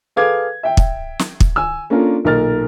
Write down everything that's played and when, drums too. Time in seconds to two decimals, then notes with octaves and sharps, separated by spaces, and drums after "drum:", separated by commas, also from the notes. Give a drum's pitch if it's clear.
0.16 G#4 A4 B4 F5 D6 G#6
0.63 E5 G5
0.77 drum: kick
1.19 drum: snare
1.40 drum: kick
1.56 G#5 E6
1.90 A#3 C#4 D4 F4 A4 A#4
2.25 B1 A#2 A#4 F6 A6